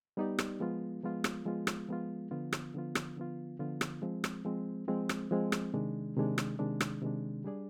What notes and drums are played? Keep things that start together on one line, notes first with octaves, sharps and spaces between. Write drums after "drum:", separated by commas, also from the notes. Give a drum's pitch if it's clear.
G3 B3 D#4 G4 D5
drum: rim click
F3 G#3 B3 F4
F3 G#3 B3 F4
drum: rim click
F3 G#3 B3 F4
drum: rim click
F3 G#3 B3 F4
D3 F3 B3 F4
drum: rim click
D3 F3 B3 F4
drum: rim click
D3 F3 B3 F4
D3 F3 B3 F4
drum: rim click
F3 G#3 C4
drum: rim click
F3 G#3 C4
F3 G#3 C4
drum: rim click
F3 G#3 C4
drum: rim click
C3 D#3 G#3 D4
C3 D#3 G#3 D4
drum: rim click
C3 D#3 G#3 D4
drum: rim click
C3 D#3 G#3 D4
G3 D4 G#4 D5